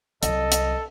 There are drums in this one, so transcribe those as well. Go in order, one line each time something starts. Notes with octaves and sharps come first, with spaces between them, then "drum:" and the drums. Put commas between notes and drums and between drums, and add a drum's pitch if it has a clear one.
C2 F#3 A4 D#5, drum: hi-hat
drum: hi-hat